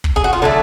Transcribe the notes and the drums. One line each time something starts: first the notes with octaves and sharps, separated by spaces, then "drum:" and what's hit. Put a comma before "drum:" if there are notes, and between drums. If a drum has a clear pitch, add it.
drum: kick
G#4
F#4
F4
D3 F#3 A3 D4